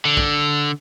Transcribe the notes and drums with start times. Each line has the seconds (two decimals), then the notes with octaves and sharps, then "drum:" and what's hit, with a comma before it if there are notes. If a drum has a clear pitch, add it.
0.05 D3
0.17 drum: kick